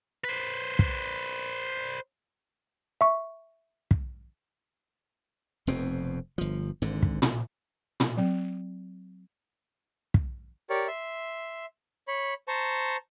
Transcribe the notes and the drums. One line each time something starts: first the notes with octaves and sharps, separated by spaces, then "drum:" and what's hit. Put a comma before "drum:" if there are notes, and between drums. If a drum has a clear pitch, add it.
B4 C5
drum: kick
E5 C#6
drum: kick
F1 F2 B2 C4
G1 F3
G#1 G#2 D3
drum: kick
drum: tom
drum: tom
F#3 C4
drum: kick
G4 A#4 C#5 D5
E5 C6
C#5 B5
C5 A5 A#5 C#6